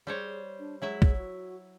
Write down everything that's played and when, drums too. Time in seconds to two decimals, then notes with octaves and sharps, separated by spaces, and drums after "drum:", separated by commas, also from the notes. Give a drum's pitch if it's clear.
0.07 G3 G#4 C5 C#5
0.59 D4
0.82 F#3 G#3 E4 E5
1.02 drum: kick
1.17 F#4